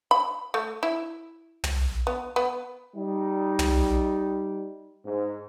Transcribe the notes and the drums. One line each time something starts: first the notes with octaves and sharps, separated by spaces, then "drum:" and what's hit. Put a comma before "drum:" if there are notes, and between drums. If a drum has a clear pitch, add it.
B5
A3
E4
drum: tom
B3
B3
G3 D#4
drum: tom
G#2